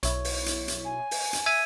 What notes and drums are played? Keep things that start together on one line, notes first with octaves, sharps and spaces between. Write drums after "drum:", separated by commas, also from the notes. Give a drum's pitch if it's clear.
B1 E4 C#5, drum: hi-hat
drum: open hi-hat
drum: hi-hat
drum: hi-hat
G#5
drum: open hi-hat
drum: hi-hat
E5 G#6 D#7